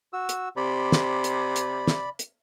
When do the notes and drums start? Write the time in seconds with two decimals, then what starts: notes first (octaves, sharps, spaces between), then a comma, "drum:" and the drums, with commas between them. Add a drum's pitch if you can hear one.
0.13 F#4 E6
0.29 drum: hi-hat
0.57 C3 D5 B5
0.92 drum: snare
1.24 drum: hi-hat
1.56 drum: hi-hat
1.87 drum: snare
2.19 drum: hi-hat